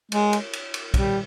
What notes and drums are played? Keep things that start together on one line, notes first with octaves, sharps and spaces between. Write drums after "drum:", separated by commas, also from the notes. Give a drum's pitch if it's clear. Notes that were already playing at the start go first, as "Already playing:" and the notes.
G#3, drum: cymbal
drum: cymbal
drum: cymbal
drum: cymbal
G3, drum: kick, cymbal